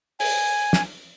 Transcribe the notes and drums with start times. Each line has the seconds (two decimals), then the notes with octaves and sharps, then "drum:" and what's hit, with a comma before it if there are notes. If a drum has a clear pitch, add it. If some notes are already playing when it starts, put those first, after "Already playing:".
0.20 G#5, drum: open hi-hat
0.73 drum: snare